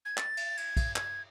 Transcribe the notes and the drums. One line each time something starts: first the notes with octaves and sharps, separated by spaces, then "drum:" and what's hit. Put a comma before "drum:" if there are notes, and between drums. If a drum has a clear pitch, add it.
G#6
A6, drum: clap
drum: cymbal
G#6, drum: cymbal
drum: kick, cymbal
G#6, drum: clap